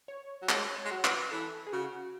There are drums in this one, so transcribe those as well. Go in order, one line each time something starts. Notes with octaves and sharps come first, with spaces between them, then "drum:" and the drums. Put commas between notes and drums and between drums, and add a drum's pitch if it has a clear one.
C#5
F#3
G#3 C#5, drum: clap
C#5
G#3
F#3
B4, drum: clap
E3 A4
G#4
C#3 F#4